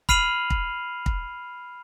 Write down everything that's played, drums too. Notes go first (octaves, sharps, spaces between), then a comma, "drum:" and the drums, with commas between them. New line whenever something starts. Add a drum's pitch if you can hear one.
B5 F6 C7 D#7 F7 F#7, drum: kick
drum: kick
drum: kick